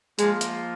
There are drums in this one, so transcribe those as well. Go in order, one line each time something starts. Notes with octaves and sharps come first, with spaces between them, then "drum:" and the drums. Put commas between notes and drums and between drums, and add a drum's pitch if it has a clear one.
F3 G#3 A#3 F4, drum: hi-hat
drum: hi-hat